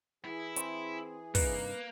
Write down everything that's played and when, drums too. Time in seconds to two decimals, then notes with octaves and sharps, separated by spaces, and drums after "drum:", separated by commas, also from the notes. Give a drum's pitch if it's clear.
0.25 E3 E4 G#4
0.56 C4, drum: hi-hat
1.35 G2 C3 A#3 D#4 B4, drum: kick, open hi-hat